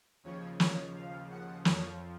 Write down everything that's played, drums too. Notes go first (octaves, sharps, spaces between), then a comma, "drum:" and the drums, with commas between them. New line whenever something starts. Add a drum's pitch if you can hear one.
D#2 C#3 F3 C#5
C#5, drum: snare
F5
F#5
F2 F3 C#5, drum: snare